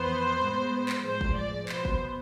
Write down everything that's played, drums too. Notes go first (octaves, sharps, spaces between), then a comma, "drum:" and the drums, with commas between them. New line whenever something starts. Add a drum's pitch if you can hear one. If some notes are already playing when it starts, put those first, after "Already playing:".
Already playing: F2 E3 B3 C5
A2 G#3 B3
drum: clap
A2 F3 G#3 C5
drum: kick F#1
D5
B2 B3 C5, drum: clap
drum: kick F#1